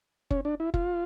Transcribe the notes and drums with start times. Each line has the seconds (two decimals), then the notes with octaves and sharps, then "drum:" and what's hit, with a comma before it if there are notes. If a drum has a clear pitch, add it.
0.31 C#4, drum: kick F#1
0.45 D4
0.60 E4
0.74 F4, drum: kick F#1